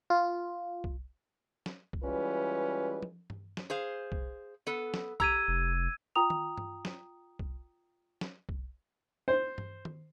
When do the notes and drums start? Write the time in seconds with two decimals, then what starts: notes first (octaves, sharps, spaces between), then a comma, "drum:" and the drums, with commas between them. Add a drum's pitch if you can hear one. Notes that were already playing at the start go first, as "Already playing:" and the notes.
0.10 F4
0.84 drum: kick B1
1.66 drum: snare
1.93 drum: kick B1
2.04 E3 G3 G#3 C#4 F4 B4
3.03 drum: tom
3.30 drum: tom G2
3.57 drum: snare
3.70 G#4 C5 F5
4.12 drum: kick B1
4.67 B3 A4
4.94 drum: snare
5.20 G4 A#5 E6 G#6 D#7, drum: kick B1
5.48 F1
6.15 F4 G5 A#5 D#6 F7
6.30 drum: tom D#3
6.58 drum: tom G2
6.85 drum: snare
7.39 drum: kick B1
8.21 drum: snare
8.49 drum: kick B1
9.28 C5
9.58 drum: tom G2
9.85 drum: tom D#3